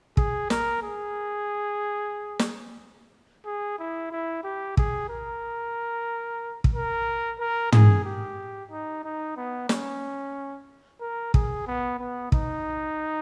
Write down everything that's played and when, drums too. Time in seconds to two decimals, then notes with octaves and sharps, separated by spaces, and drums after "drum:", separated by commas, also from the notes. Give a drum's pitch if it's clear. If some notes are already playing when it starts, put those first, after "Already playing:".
0.17 G#4, drum: kick
0.50 A#4, drum: snare
0.83 G#4
2.39 drum: snare
3.46 G#4
3.79 E4
4.11 E4
4.44 G4
4.77 G#4, drum: kick
5.09 A#4
6.64 drum: kick
6.74 A#4
7.39 A#4
7.72 G#4, drum: tom
8.05 G4
8.71 D#4
9.04 D#4
9.37 B3
9.69 C#4, drum: snare
11.01 A#4
11.34 G#4, drum: kick
11.67 B3
11.99 B3
12.32 D#4, drum: kick